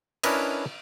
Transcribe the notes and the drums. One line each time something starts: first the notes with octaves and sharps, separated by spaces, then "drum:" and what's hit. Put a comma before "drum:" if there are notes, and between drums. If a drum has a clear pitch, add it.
C#4 D4 E4 A#4 B4 D#5, drum: cymbal